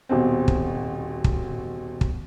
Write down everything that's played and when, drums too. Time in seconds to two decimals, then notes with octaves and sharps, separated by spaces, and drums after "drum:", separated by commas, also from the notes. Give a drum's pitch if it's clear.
0.09 D#1 B2 C4
0.48 drum: kick
1.24 drum: kick
2.01 drum: kick